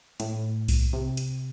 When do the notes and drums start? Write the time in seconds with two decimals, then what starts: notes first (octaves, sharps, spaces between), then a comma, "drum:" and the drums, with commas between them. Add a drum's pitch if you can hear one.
0.20 A2, drum: hi-hat
0.68 drum: kick B1, open hi-hat
0.93 C3
1.17 drum: hi-hat